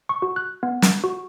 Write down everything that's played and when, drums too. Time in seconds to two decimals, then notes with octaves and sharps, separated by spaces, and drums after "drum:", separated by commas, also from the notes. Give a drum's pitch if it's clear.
0.09 C#6
0.22 F#4
0.36 F#6
0.63 B3
0.82 drum: snare
1.04 F#4